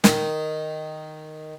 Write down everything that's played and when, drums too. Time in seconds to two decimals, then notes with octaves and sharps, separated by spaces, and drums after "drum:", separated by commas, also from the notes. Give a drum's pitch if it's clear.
0.04 D#3, drum: snare